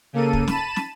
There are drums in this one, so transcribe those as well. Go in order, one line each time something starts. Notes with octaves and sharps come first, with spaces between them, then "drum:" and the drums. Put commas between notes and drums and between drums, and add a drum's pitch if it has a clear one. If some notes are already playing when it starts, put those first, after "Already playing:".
C#3 A#3 A4 D#7
drum: kick
A5 B5 D#7 E7, drum: snare
drum: snare